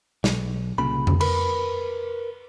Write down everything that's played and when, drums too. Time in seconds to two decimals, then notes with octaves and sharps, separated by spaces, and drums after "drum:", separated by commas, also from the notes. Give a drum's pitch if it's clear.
0.24 B1, drum: snare
0.78 C2 A#2 C#3 B5
1.07 drum: tom F2
1.21 A#4 B4 B5, drum: cymbal